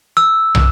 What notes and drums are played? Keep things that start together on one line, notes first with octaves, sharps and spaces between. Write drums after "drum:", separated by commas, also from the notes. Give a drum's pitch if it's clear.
E6
drum: tom